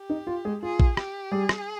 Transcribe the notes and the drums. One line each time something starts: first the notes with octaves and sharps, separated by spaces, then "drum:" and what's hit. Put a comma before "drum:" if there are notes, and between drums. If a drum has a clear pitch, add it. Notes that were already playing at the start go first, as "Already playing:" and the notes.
Already playing: G4
D#4
F4
G#3 G#4
F4 G#4
drum: kick
G4, drum: rim click
G3 G4 G#4
drum: rim click